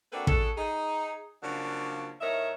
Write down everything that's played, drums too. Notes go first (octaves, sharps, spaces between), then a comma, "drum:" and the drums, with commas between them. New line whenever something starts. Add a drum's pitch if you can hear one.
A#3 C4 D4 F#4 A4 B4
D4 F#4 G#4 A4, drum: kick
D#4 G#4
C#3 F3 F#3 A#3 D4
A2 F#3 D#4 A#4 C#5 E5